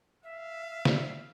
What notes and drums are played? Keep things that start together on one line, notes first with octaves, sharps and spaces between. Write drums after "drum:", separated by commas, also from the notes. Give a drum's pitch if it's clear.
E5 F5
drum: snare